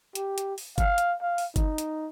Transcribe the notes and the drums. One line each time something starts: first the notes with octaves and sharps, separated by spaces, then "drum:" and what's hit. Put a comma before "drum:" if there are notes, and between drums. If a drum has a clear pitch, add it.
G4, drum: hi-hat
drum: hi-hat
drum: open hi-hat
F5, drum: kick G1, hi-hat
drum: hi-hat
F5
drum: open hi-hat
D#4, drum: kick G1, hi-hat
drum: hi-hat